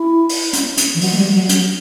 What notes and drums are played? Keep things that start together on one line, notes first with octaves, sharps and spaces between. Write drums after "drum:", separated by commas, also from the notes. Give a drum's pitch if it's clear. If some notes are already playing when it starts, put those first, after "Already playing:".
Already playing: E4
drum: open hi-hat
drum: hi-hat
drum: hi-hat
E3
F#3, drum: open hi-hat
A3
G3
F#3
F#3, drum: hi-hat